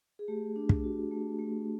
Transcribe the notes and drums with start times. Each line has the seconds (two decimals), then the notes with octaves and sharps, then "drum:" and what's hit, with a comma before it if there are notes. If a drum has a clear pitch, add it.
0.19 G#4
0.28 A3 G4
0.56 D4
0.69 drum: kick
0.84 F#4
1.11 A3
1.39 A3